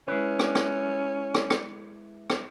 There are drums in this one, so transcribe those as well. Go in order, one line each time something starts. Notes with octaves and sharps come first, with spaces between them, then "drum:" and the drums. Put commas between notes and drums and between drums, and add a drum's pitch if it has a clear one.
G#3 C#4 E4 B4
drum: rim click
drum: rim click
drum: rim click
drum: rim click
drum: rim click